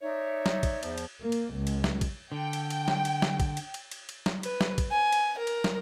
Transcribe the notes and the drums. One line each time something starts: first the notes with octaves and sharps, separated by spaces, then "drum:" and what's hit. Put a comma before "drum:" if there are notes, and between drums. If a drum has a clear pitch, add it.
D#4 C#5 D5 E5
drum: snare
drum: kick, cymbal
E2 F3, drum: cymbal
drum: cymbal
A#3
drum: cymbal
C#2
drum: cymbal
drum: snare
drum: kick, cymbal
D3 G5
drum: cymbal
drum: cymbal
drum: snare
drum: cymbal
drum: snare
drum: kick, cymbal
drum: cymbal
drum: cymbal
drum: cymbal
drum: cymbal
drum: snare
B4, drum: cymbal
drum: snare
drum: kick, cymbal
G#5
drum: cymbal
A#4
drum: cymbal
drum: snare